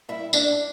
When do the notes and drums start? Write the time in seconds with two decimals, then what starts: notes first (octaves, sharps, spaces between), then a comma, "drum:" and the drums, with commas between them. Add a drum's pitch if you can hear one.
0.09 G3 E4 E5
0.33 A2 D4 D5, drum: tambourine